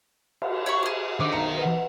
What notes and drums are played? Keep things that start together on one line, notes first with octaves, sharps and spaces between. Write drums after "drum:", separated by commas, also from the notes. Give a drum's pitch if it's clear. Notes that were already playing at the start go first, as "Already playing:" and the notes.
drum: cymbal
C#5 B5 C#6
G4 G#4
D3 D#3 C5 D6
B1 A#5 C#7
B4 F#5